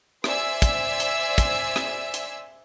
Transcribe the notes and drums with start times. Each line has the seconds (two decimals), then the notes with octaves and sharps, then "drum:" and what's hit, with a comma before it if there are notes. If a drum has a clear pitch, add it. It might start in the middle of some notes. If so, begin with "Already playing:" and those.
0.24 C5 D5 E5 G#5 E6, drum: rim click
0.62 drum: kick, hi-hat
1.00 drum: hi-hat
1.38 drum: kick, hi-hat
1.76 drum: rim click
2.14 drum: hi-hat